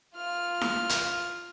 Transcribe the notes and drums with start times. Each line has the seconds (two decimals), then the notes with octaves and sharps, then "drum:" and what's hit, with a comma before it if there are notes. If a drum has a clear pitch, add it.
0.16 F4 F6
0.61 drum: snare E4
0.89 drum: hi-hat